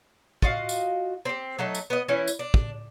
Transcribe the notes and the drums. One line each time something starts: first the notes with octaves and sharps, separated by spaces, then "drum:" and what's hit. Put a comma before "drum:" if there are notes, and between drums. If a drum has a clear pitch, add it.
F4 F#4 D#5 F5, drum: kick
drum: tambourine
C4 G4
F#3 A3 D#4
drum: tambourine
B3 D#5
E3 C#4 E4
drum: tambourine
D4
drum: kick